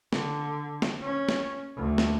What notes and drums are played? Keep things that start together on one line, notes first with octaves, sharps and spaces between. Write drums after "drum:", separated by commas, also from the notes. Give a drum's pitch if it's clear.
D3, drum: snare
drum: snare
C#4
drum: snare
D2
drum: snare